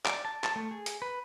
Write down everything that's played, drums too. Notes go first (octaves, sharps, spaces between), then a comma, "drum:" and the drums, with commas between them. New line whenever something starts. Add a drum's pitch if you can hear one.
D5, drum: clap
A5
A5, drum: clap
A3
G#4
drum: hi-hat
B4